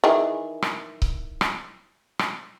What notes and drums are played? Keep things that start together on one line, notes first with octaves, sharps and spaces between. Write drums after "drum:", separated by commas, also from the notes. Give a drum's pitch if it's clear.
D#3 E3 G#4
drum: rim click
drum: kick C#1
drum: rim click
drum: rim click